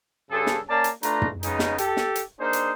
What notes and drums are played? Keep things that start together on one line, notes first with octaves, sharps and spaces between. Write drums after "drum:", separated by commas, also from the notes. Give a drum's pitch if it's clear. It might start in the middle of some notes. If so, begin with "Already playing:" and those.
G2 C#3 G#4 A4
drum: snare
A#3 C#4 D5 A5
drum: hi-hat
A3 D4 F4 B4 A#5, drum: hi-hat
drum: tom
C#3 G#3 B3 C#4 D#4, drum: hi-hat
drum: snare
G4 A4, drum: hi-hat
drum: snare
drum: hi-hat
A#3 D4 D#4 G#4 C5
drum: hi-hat